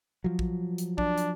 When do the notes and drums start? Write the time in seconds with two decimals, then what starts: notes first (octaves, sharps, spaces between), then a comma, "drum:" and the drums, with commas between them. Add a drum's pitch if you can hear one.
0.24 F3 F#3
0.39 drum: kick A#1
0.78 drum: hi-hat
0.98 D4, drum: kick A#1
1.18 drum: hi-hat